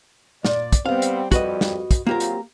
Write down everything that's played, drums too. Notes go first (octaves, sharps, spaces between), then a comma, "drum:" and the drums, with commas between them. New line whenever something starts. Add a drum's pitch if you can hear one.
A#2 D5, drum: snare
drum: kick, hi-hat
G3 B3 C4 F5
drum: hi-hat
F2 G3 F#4 B4 D#5, drum: kick, hi-hat
drum: snare
drum: kick, hi-hat
F#3 A#3 C4 F4 G4 A#4
drum: hi-hat